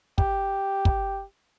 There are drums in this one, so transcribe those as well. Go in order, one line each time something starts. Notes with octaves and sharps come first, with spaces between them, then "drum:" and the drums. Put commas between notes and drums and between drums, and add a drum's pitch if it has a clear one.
G4, drum: kick
drum: kick